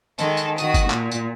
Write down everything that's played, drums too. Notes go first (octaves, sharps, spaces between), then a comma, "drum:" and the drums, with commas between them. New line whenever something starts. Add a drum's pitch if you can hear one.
D#3 G#3 A4, drum: tambourine
drum: tambourine
D#3 F#4 D#6, drum: tambourine
drum: kick G1, tambourine
A#2, drum: clap
drum: tambourine